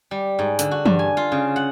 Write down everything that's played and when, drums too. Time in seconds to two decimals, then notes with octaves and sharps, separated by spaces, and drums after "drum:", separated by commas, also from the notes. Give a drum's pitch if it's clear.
0.11 G3
0.39 G#2
0.59 D3, drum: hi-hat
0.71 F#4
0.86 G2, drum: tom E3
0.99 G#5
1.17 F4
1.32 C#3
1.56 F#5